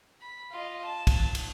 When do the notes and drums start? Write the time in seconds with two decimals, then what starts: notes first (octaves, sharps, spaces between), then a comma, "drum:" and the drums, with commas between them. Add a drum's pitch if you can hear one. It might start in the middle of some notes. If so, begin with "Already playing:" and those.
0.21 B5
0.52 F4 D#5
0.85 A5
1.07 drum: kick, cymbal
1.35 drum: cymbal